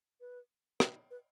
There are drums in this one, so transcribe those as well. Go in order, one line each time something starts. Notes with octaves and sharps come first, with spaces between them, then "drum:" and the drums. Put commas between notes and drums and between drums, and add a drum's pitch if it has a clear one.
B4
B4, drum: rim click
B4